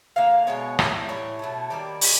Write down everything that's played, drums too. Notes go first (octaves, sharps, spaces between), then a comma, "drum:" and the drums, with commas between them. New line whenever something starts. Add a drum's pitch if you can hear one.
D3 F3 A#3 F5
B2 G#3 B3 C#5
A2 E3 G3 A#3, drum: rim click
A2 E3 C#5
B2 F#3 A3
D#3 G3 A#3 D5
B2 G#3 B3, drum: open hi-hat